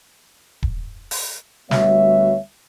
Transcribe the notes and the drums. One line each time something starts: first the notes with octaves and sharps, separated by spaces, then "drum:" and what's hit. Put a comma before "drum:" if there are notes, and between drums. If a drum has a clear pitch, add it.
drum: kick D#1
drum: open hi-hat
D2 G3 B3 F#4 C#5 E5, drum: snare